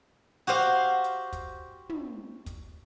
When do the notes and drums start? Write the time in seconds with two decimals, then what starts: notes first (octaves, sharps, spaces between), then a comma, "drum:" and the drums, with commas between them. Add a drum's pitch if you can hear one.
0.47 F#4 G4 C5 F5
1.04 drum: hi-hat
1.33 drum: kick, hi-hat
1.89 drum: tom
2.46 drum: kick, hi-hat